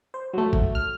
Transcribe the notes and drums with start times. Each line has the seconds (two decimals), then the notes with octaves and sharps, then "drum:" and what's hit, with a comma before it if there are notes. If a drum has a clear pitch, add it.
0.14 C5
0.34 F#3 A3
0.53 drum: kick A1
0.75 F6